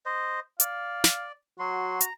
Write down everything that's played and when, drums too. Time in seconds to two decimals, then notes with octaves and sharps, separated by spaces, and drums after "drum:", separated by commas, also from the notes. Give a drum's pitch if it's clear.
0.06 C5 D#5
0.60 D5 F5, drum: hi-hat
1.04 drum: snare
1.59 F#3 F#4 C6
2.01 A#5, drum: hi-hat